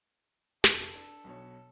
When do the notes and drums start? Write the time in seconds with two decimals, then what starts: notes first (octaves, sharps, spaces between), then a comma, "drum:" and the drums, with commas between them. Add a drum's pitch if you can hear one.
0.64 F1 A4 A5, drum: snare
0.95 D4
1.24 B1 B2 C#5